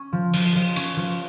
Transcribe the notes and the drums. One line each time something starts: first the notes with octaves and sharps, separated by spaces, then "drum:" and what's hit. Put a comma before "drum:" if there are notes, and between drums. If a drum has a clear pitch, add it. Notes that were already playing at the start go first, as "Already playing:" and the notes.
Already playing: C#4 C#6
F3
F3, drum: cymbal
F3
C#4, drum: cymbal
F3 C#5